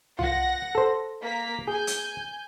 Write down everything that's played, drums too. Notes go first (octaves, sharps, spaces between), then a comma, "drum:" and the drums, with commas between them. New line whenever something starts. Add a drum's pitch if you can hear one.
F4 F#5 A#6, drum: tom C2
A4 C5
A#3 A#5 B6
G#4 G#5 G6
drum: hi-hat